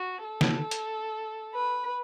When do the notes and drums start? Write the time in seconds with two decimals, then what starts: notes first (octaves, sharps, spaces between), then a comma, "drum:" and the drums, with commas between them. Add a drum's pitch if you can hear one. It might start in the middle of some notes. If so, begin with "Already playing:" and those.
Already playing: F#4
0.24 A4
0.41 drum: snare
0.71 drum: hi-hat
1.54 B4